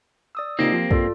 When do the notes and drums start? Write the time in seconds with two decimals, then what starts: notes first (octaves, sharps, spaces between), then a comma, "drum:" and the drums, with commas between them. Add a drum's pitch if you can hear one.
0.35 D5 D#6 E6
0.59 A#2 C#3 A#3 C4 D#4 G4 D7
0.72 F3
0.91 G2 F4 A4 D5, drum: kick